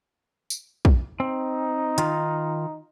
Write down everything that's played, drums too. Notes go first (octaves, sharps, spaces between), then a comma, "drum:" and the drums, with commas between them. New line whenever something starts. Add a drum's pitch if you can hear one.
drum: tambourine
drum: kick
C4 D#4
D#3 F4, drum: hi-hat